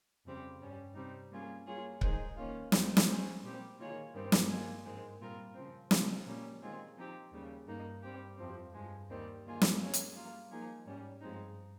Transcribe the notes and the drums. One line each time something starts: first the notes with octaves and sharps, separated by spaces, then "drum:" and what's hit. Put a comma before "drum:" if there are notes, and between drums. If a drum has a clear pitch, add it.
F2 C#3 G3 C4 G4
G2 G3 C#4
C3 G3 C4 D#4
G3 A#3 C#4 F4 G#4
G3 A#3 F4 G#4 C#5
D#3 G#3 D#4 G#4 C5, drum: kick C#1
D#3 A#3 C#4 F4
D#2 C#3 G3 C4, drum: snare
drum: snare
G3 C#4 G#4 C5
A#2 G3 C4 G4
D#3 A#3 F4 G#4 C#5
G2 D#3 G3 C4
drum: snare
D#3 A#3 F4 G#4
G#2 D#3 G#3 C4
A#2 G3 C4 F4 A#4
C#3 F3 C4
C#3 F3 C4, drum: snare
A#2 G3 A#3 C#4
D#3 G#3 C4 F4 G#4
F3 C4 D#4 G4
D#2 C#3 G3
G2 D#3 A#3 D#4
G2 G3 C4 G4
F2 C3 F3 C4
G2 F3 G#3
D#2 D#3 G3 C4
D#3 A#3 F4 G#4
drum: snare
G3 A#3 C#4 G#4 C#5
drum: hi-hat
G3 A#3 F4
F3 A#3 D#4 G#4
G#2 G3 C#4
G2 F3 G#3 C4 D#4